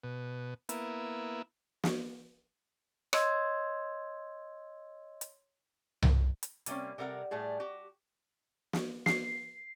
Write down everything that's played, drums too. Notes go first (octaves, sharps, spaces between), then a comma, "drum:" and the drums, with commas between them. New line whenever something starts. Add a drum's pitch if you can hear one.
B2
A#3 B3 E4, drum: hi-hat
drum: snare
C#5 D#5 C6 E6 G#6, drum: rim click
drum: hi-hat
drum: tom C2
drum: hi-hat
C3 G3 A#3 C4 C#4, drum: hi-hat
C3 G3 A4 A#4 F#5 A#5
A2 G3 A3 G#4
F#4 G4
drum: snare
C7, drum: snare